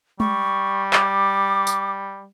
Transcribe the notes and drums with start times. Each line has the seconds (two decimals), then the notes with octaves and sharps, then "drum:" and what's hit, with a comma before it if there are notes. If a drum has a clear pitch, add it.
0.20 G3 C#6, drum: tom G#3
0.93 D6, drum: clap
1.67 drum: tambourine